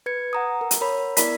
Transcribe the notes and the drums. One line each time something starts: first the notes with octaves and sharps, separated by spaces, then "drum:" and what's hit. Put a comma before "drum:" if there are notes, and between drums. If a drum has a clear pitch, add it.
B4 G#6 C#7
F#5 A#5 D#6
A#4
drum: hi-hat
A#4 C#5 B5
B3 E4 A#4 D5 B5 B6, drum: hi-hat